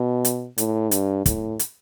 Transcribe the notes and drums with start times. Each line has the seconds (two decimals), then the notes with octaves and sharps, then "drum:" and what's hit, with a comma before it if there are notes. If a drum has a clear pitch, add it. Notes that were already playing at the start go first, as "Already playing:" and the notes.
Already playing: B2
0.25 drum: hi-hat
0.58 A2, drum: hi-hat
0.91 G2, drum: hi-hat
1.26 A2, drum: kick, hi-hat
1.59 drum: hi-hat